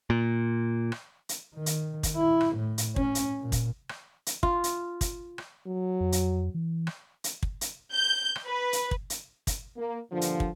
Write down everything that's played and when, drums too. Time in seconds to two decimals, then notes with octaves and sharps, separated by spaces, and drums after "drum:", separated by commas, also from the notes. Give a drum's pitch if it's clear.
0.10 A#2
0.92 drum: rim click
1.29 drum: hi-hat
1.55 D#3
1.66 drum: hi-hat
2.03 drum: kick, hi-hat
2.16 E4
2.41 drum: rim click
2.56 A2
2.78 drum: hi-hat
2.96 C#4, drum: kick
3.15 drum: hi-hat
3.41 A#2
3.52 drum: kick, hi-hat
3.89 drum: rim click
4.26 drum: hi-hat
4.43 F4, drum: kick
4.64 drum: hi-hat
5.01 drum: kick, hi-hat
5.38 drum: rim click
5.67 F#3
6.00 F2
6.12 drum: hi-hat
6.54 E3
6.87 drum: rim click
7.24 drum: hi-hat
7.43 drum: kick
7.61 drum: hi-hat
7.93 G6
8.36 drum: rim click
8.47 B4
8.73 drum: hi-hat
8.91 drum: kick
9.10 drum: hi-hat
9.47 drum: kick, hi-hat
9.76 A#3
10.12 G2 A#2 D3 F3
10.21 drum: hi-hat
10.40 drum: kick